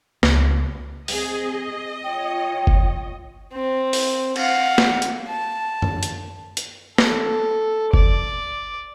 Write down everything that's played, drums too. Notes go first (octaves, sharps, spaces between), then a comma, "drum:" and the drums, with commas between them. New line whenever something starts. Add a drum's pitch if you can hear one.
C#2, drum: snare
C4 G#4 D#5, drum: open hi-hat
F4 C#5 G5
drum: kick F#1
C4
drum: open hi-hat
F5 F#5, drum: cymbal
drum: snare
drum: hi-hat
A5
drum: tom F#2
drum: hi-hat
drum: hi-hat
A4, drum: snare
D5, drum: kick F#1